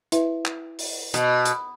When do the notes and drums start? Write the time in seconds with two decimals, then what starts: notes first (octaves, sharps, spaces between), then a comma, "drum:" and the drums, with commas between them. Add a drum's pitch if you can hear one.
0.12 E4 B4 E5, drum: hi-hat
0.45 drum: clap
0.79 drum: open hi-hat
1.14 B2, drum: hi-hat
1.45 drum: hi-hat